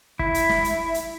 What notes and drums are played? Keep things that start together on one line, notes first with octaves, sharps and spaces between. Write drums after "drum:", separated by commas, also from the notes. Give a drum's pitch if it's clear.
E4, drum: kick
drum: hi-hat
drum: snare
drum: hi-hat
drum: hi-hat